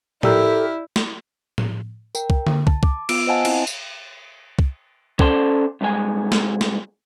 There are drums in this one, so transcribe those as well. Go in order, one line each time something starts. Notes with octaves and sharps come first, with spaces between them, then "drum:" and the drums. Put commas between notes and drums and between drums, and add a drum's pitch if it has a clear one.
E4 G4 A4 A#4 D5 E6 G6, drum: tom A2
drum: snare
drum: tom A2
A#4 G5, drum: tambourine
drum: kick
drum: tom D3
A5, drum: kick
D6, drum: kick
B3 F4 E6 D7, drum: cymbal
C5 D#5 F5 F#5 G#5 A5
C4 E4, drum: cymbal
drum: tambourine
drum: kick
C#4 A4 C5 D5 A5 C6, drum: kick
C2 G2 G#3 G#5
drum: snare
drum: snare